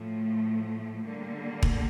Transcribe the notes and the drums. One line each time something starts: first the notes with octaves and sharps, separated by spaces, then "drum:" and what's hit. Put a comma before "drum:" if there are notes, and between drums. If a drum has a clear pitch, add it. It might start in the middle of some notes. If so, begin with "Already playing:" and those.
Already playing: A2 F3 A3
D3 G3 A#3
drum: kick E1